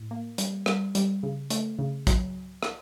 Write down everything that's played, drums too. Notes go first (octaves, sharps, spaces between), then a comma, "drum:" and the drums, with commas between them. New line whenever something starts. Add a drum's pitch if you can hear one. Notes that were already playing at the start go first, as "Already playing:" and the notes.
Already playing: A2
A#3
G3, drum: hi-hat
G3, drum: rim click
G3, drum: hi-hat
C#3
A3, drum: hi-hat
C#3
F#3, drum: kick, hi-hat
drum: rim click